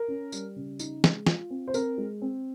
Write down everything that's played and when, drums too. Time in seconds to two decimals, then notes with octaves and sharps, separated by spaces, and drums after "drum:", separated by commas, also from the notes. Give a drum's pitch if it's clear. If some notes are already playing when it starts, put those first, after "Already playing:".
Already playing: A#4
0.08 C#4
0.32 G3, drum: tambourine
0.56 C#3
0.79 D#4, drum: tambourine
1.04 G#3, drum: snare
1.27 F4, drum: snare
1.50 C4
1.68 C5
1.74 C4 A#4, drum: tambourine
1.98 G#3
2.22 C4